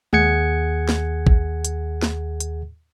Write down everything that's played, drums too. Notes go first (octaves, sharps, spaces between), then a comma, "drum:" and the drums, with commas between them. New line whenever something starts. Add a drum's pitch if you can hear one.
D#2 G#4 F#5 G#6 C#7, drum: tom G#3
drum: snare
drum: kick A1
drum: hi-hat
drum: snare
drum: hi-hat